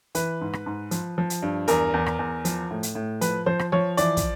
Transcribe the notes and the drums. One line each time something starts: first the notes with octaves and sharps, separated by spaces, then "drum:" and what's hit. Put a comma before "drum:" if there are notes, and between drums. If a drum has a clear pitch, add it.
E3 B4, drum: hi-hat
G#2
drum: rim click
G#2
F3, drum: hi-hat
F3
drum: hi-hat
G2
E2 A#4, drum: hi-hat
E2
drum: rim click
E2
F3, drum: hi-hat
A2
drum: hi-hat
A2
F3 B4, drum: hi-hat
F3 C5
drum: rim click
F3 C#5
E3 D5, drum: hi-hat
drum: kick, hi-hat